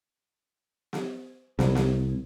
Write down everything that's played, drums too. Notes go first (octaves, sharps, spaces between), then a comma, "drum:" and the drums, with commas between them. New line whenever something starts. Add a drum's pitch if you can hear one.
drum: snare
C2, drum: snare
drum: snare